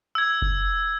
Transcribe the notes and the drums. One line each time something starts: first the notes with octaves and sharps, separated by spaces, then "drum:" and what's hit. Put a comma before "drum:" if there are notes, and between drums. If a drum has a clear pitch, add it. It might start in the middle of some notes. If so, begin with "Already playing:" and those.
E6 G#6
drum: kick F#1